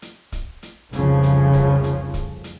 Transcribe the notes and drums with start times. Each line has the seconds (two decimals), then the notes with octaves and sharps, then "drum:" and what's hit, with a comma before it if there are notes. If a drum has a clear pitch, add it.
0.02 drum: hi-hat
0.32 drum: kick, hi-hat
0.63 drum: hi-hat
0.93 F1 C2 C#3 F3, drum: hi-hat
1.23 drum: hi-hat
1.53 drum: kick, hi-hat
1.84 drum: hi-hat
2.14 drum: kick, hi-hat
2.44 drum: hi-hat